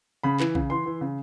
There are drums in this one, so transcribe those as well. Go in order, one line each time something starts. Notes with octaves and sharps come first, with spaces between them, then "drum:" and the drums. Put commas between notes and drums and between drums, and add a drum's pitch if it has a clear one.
C#3 B5
E3, drum: clap
C#3, drum: kick A#1
E3 C6
E3
C#3